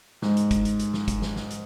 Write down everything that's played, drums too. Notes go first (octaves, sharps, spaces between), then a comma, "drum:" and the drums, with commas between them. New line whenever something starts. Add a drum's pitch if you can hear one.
G#2, drum: snare
drum: hi-hat
drum: kick, hi-hat
drum: hi-hat
drum: hi-hat
drum: snare
drum: kick, hi-hat
drum: snare
drum: snare
drum: hi-hat